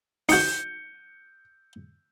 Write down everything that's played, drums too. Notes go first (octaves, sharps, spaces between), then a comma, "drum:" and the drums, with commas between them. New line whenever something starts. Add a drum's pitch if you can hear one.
D#4 F#4 G6 C#7, drum: open hi-hat